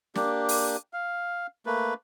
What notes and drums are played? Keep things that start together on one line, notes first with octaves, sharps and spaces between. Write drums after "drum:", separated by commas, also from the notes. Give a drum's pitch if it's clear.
A#3 D4 G4, drum: snare
drum: open hi-hat
F5
A3 A#3 B4